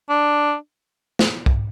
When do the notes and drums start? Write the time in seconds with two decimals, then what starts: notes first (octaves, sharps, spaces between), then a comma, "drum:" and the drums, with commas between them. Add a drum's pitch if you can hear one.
0.10 D4
1.19 drum: snare
1.46 drum: kick